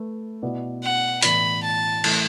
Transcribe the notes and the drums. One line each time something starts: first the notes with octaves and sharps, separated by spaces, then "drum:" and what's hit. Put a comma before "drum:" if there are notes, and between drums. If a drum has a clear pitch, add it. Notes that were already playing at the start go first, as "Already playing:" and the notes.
Already playing: A3 B4
B2 B3 E4 D5
F#5
A2 E3 B3 E4 D5 B5, drum: hi-hat
A5
E3 A3, drum: cymbal